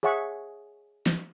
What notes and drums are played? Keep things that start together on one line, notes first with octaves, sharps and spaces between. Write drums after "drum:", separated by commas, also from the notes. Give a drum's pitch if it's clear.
G#4 C#5 E5 F#5 C#6
drum: snare